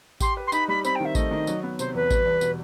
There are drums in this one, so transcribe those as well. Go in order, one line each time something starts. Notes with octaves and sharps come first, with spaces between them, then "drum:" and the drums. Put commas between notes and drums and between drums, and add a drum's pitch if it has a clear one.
G4 C6, drum: kick A1, tambourine
B4
C6
D#4 B5, drum: tambourine
G3 B5
C4 B5, drum: tambourine
G5
D#3 E5
A3 D#5, drum: kick A1, tambourine
D#3
F#3, drum: tambourine
B3
C3 C5, drum: tambourine
E2 B4
G3, drum: kick A1, tambourine
E2
B2, drum: tambourine